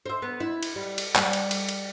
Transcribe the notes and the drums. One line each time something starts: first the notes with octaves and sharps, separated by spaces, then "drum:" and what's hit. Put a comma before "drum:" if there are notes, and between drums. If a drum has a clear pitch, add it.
C5 E5
B3
E4
drum: cymbal
G3
drum: cymbal
G3, drum: clap
drum: cymbal
drum: cymbal
drum: cymbal